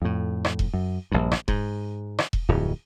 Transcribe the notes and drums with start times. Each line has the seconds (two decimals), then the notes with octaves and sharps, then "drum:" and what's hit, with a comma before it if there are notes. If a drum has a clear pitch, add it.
0.02 F2 A2
0.45 drum: rim click
0.59 drum: kick E1
0.74 F#2
1.12 A#1 G2
1.32 drum: rim click
1.48 G#2, drum: kick E1
2.19 drum: rim click
2.33 drum: kick E1
2.49 D1 F2